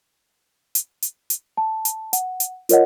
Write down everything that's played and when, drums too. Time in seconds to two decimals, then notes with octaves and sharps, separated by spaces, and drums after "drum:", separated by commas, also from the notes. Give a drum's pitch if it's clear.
0.75 drum: hi-hat
1.02 drum: hi-hat
1.30 drum: hi-hat
1.57 A5
1.85 drum: hi-hat
2.13 F#5, drum: hi-hat
2.40 drum: hi-hat
2.69 F4 A#4 C#5 D#5 F#5, drum: hi-hat